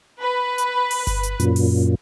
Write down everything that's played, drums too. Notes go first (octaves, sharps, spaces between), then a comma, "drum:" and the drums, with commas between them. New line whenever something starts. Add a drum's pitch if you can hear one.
B4
drum: hi-hat
drum: open hi-hat
drum: kick G1, hi-hat
drum: hi-hat
F#2 A#2, drum: hi-hat
drum: open hi-hat